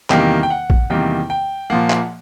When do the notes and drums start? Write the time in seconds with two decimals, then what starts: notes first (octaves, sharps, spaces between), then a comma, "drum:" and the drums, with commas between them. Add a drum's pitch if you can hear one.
0.10 E2 C3 D#3 G3 A#3 G5, drum: clap
0.43 G5
0.50 F#5
0.70 drum: kick A1
0.90 E2 C3 D#3 G3 A#3 G5
1.30 G5
1.70 A#2 F3 A#3 F#5
1.90 drum: clap